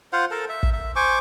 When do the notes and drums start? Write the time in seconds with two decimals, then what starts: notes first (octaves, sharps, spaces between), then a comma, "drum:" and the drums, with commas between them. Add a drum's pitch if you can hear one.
0.13 F4 C5 F5 F#5
0.31 A4 A#4 A5
0.49 E5
0.63 drum: kick
0.73 E5
0.96 C5 G#5 C#6 D6